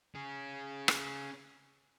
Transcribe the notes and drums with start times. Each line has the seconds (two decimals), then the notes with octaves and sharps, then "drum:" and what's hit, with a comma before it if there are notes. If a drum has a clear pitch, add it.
0.15 C#4 G#4
0.88 drum: rim click